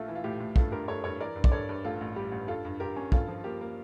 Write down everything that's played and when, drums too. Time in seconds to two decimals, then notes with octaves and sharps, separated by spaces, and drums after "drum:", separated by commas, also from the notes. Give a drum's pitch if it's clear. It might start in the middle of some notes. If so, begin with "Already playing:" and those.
Already playing: A#1 A3 F4 A4
0.08 E3
0.15 F4
0.24 A2 G4
0.40 A2
0.56 G2 F4 A4, drum: kick
0.72 G2 G4 A#4
0.88 G2 A4 C#5
1.04 G2 A4 C#5
1.20 E3 A#4 D5
1.36 G2
1.44 D5, drum: kick
1.52 G2 A4 C#5
1.69 G2
1.84 A1 F4 A4
2.01 A1
2.16 G3 G4
2.32 A1
2.48 G2 F4 A4
2.65 G2
2.80 G2 G4 A#4
2.96 C#4
3.12 G2 F4 A4, drum: kick
3.28 F3
3.44 A#3 G4
3.61 A#3